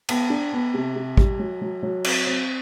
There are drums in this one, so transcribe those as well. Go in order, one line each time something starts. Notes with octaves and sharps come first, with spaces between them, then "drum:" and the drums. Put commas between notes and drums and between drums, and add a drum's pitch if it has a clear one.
B3, drum: cymbal
D4
B3
C3
C3
G3, drum: kick
F#3
F#3
F#3
C4, drum: cymbal
C4